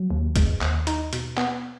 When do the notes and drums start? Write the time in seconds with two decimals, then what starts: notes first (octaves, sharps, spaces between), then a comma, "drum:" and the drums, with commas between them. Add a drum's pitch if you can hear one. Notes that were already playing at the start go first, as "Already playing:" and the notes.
Already playing: F#3
0.10 D#2
0.36 G#3, drum: kick F#1, hi-hat
0.61 D#2, drum: clap
0.87 D#4, drum: hi-hat
1.13 B2, drum: hi-hat
1.37 B3, drum: clap